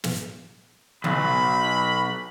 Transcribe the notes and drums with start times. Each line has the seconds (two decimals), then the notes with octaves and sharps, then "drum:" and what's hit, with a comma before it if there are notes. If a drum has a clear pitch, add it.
0.04 drum: snare
1.04 B1 B5, drum: tom C#3